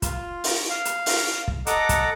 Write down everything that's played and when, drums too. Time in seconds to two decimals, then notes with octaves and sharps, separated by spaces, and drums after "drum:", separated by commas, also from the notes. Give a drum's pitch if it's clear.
0.02 F4, drum: kick, hi-hat
0.44 drum: open hi-hat
0.70 F5
0.85 drum: hi-hat
1.06 drum: open hi-hat
1.48 drum: kick
1.67 A4 D#5 F#5 A#5 D6, drum: hi-hat
1.89 drum: kick, hi-hat